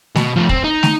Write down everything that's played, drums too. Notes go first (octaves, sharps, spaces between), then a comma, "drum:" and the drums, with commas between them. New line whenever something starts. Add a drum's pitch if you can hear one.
B2, drum: snare
F3 A3
C4, drum: kick
D#4
drum: snare